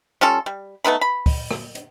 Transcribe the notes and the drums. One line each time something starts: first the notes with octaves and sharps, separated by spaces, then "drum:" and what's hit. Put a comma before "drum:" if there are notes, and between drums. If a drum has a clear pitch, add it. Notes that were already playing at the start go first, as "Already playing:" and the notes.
G3 C#4 F4 A4
G3
A3 B3 D#4 B5
B5
drum: kick, open hi-hat
drum: rim click
drum: hi-hat